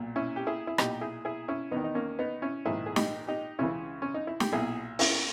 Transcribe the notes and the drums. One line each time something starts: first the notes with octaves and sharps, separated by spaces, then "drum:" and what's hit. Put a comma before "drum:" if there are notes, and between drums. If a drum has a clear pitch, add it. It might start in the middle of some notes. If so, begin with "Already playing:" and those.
Already playing: B1 A#2
C#4 E4
G4
E4 G#4
E4
B1 A#2 D#4 G4, drum: rim click
E4 G#4
E4 G#4
C#4 E4
E2 B3 D#4
D#3
D#4
A#3 C#4
B3 D#4
C#4 E4
A#1 G#2 D#3 E4 G#4
G#4
D#4 G4, drum: snare
D#4 G4
C#2 C#3 E3 C#4 E4
C#4
D#4
E4
G4, drum: snare
B1 A#2 E4 G#4
C#4 E4, drum: open hi-hat